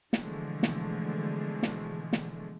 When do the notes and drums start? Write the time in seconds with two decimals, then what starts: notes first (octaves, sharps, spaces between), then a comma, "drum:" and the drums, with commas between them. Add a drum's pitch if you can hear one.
0.13 B2 D3 E3 F3 G#3 A3, drum: snare
0.63 drum: snare
1.63 drum: snare
2.13 drum: snare